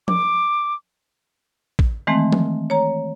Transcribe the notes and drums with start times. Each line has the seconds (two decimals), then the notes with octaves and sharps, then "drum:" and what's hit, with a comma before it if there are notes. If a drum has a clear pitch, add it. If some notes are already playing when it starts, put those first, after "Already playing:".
0.08 D6, drum: tom F3
1.79 drum: kick
2.07 D#3 E3 G#3 A3 C4
2.32 drum: tom F3
2.70 C#5 A#5